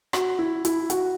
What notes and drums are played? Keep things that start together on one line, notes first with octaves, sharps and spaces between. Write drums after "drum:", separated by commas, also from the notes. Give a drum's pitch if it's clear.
F#4, drum: rim click
E4
E4, drum: hi-hat
F#4, drum: hi-hat